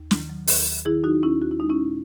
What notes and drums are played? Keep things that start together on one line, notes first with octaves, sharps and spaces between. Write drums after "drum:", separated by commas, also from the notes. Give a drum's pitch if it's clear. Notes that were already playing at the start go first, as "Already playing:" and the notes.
Already playing: D#2
D#3, drum: snare
F#3
D#2, drum: open hi-hat
D#2
D#3 E4 G#4
F#3 D#4 F#4
D#2 C#4 E4
D#2 F#4
E4
G#3 D#4
C#4 E4
A#2